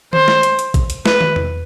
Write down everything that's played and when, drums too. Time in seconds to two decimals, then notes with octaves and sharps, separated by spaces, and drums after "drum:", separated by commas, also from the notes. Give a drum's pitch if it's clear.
0.13 C5, drum: tom D#3
0.28 drum: snare
0.43 drum: hi-hat
0.59 drum: hi-hat
0.74 drum: kick, hi-hat
0.90 drum: hi-hat
1.06 B4, drum: snare
1.21 drum: tom
1.36 drum: tom E2